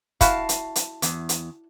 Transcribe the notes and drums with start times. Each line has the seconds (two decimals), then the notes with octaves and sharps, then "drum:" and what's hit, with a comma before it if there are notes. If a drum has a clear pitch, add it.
0.21 E4 F#4 F5 A5, drum: kick, hi-hat
0.49 drum: hi-hat
0.76 drum: hi-hat
1.02 E2, drum: hi-hat
1.29 drum: hi-hat